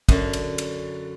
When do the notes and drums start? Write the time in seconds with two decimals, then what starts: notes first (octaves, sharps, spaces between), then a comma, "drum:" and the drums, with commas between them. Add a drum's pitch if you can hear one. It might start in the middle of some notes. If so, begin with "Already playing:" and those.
0.09 F#2 D3, drum: kick, cymbal
0.33 drum: cymbal
0.58 drum: cymbal